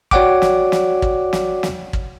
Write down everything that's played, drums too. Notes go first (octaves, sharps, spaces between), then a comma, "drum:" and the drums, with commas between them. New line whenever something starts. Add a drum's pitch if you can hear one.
F#4 C#5 D5 F#5 G5 D6, drum: kick
drum: snare
drum: snare
drum: kick
drum: snare
drum: snare
drum: kick